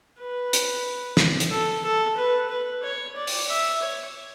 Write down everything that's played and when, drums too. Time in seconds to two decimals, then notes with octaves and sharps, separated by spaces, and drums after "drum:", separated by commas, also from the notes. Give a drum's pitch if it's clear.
0.18 B4
0.53 drum: hi-hat
1.17 drum: snare
1.40 drum: hi-hat
1.50 A4
1.83 A4
2.17 B4
2.49 B4
2.83 C#5
3.16 D5
3.27 drum: open hi-hat
3.48 E5
3.82 C#5